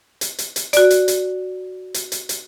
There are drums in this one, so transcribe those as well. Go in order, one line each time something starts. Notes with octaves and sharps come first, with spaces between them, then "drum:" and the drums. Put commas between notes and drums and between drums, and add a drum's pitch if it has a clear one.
drum: hi-hat
drum: hi-hat
drum: hi-hat
F#4 D5, drum: hi-hat
drum: hi-hat
drum: hi-hat
drum: hi-hat
drum: hi-hat
drum: hi-hat